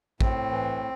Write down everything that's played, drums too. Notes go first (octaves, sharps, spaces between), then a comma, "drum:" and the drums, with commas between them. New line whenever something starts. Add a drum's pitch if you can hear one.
A2 C4, drum: kick A1
E3